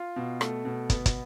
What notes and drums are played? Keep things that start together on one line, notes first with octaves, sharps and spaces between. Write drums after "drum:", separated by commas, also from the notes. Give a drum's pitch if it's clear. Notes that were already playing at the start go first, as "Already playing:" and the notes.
Already playing: F4
B2
A3, drum: rim click
B2
B3, drum: kick, hi-hat
drum: kick, hi-hat